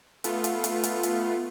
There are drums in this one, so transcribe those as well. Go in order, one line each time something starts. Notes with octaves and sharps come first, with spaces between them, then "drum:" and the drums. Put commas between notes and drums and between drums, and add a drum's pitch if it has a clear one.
A3 B3 F4, drum: hi-hat
drum: hi-hat
drum: hi-hat
drum: hi-hat
drum: hi-hat